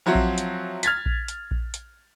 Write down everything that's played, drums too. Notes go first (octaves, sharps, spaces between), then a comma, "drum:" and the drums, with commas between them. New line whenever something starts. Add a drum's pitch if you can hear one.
F3 F#3 C4 F#4 C#5 E5
drum: kick A#1
drum: hi-hat
F6 G#6 A6 B6, drum: hi-hat
drum: kick A#1
drum: hi-hat
drum: kick A#1
drum: hi-hat